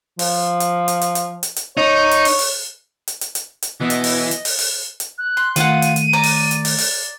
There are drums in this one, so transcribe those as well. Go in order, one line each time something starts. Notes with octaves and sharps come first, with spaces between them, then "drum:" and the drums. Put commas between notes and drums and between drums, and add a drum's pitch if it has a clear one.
F3, drum: open hi-hat
drum: hi-hat
drum: hi-hat
drum: hi-hat
drum: hi-hat
drum: hi-hat
drum: hi-hat
D#4 C#5
drum: hi-hat
drum: open hi-hat
drum: open hi-hat
drum: hi-hat
drum: hi-hat
drum: hi-hat
drum: hi-hat
B2 E3 B3 D#5
drum: hi-hat
drum: open hi-hat
drum: hi-hat
drum: open hi-hat
drum: open hi-hat
drum: hi-hat
F#6
C6
D#3 A3 F4 F5 F#5 D#7, drum: hi-hat
drum: hi-hat
drum: hi-hat
D5 A#5
drum: open hi-hat
drum: hi-hat
drum: open hi-hat
drum: open hi-hat